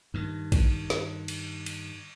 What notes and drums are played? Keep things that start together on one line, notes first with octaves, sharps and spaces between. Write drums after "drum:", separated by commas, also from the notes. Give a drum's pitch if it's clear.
G2 D#3
drum: kick A1, cymbal
drum: snare
drum: cymbal
drum: cymbal